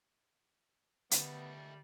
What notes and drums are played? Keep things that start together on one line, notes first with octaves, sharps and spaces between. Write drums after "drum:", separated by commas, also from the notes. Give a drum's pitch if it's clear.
D3 D#3 G3 A3 B3, drum: hi-hat